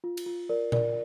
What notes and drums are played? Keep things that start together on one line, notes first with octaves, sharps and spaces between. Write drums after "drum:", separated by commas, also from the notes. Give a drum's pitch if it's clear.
F4
drum: cymbal
F4
A#4 D5
A#4 D5, drum: tom A#2